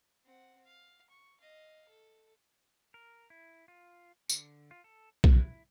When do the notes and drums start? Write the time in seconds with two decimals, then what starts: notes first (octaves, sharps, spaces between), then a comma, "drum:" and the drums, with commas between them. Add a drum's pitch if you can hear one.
0.25 C4 F#5
0.65 F5
1.10 C#6
1.41 D#5 F5
1.89 A4
2.94 A#4
3.30 E4
3.68 F4
4.29 D3, drum: tambourine
4.71 F4
4.84 A4
5.24 E4, drum: kick B1